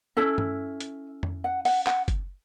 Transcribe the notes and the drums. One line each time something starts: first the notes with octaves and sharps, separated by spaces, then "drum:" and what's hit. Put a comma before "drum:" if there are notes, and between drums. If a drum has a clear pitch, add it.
C#4 E4 A4 E5
drum: tom G2
drum: hi-hat
drum: tom F2
F#5
F#5, drum: open hi-hat
F#5, drum: clap
drum: kick F#1, hi-hat